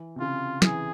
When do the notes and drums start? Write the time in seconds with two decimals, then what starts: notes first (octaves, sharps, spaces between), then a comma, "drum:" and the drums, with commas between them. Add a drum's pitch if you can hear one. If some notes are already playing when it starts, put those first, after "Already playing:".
Already playing: E3
0.16 C3
0.20 C#3 F4
0.62 E3 G#4, drum: snare